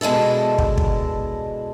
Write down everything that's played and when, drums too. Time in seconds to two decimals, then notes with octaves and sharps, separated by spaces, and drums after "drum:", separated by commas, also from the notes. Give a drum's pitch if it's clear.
0.01 B2 G#3 D4 E4 A4
0.58 drum: kick
0.78 drum: kick